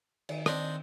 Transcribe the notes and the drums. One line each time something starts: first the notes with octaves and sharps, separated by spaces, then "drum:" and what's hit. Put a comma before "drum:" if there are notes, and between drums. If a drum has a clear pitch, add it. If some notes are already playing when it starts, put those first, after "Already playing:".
D#3, drum: cymbal
C4 D4 D#5, drum: rim click